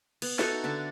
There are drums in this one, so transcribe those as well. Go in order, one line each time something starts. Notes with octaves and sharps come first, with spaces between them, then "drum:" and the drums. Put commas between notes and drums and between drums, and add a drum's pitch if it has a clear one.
B3, drum: cymbal
D#4 F#4 A4 E5, drum: snare
D3 D4 E5 A5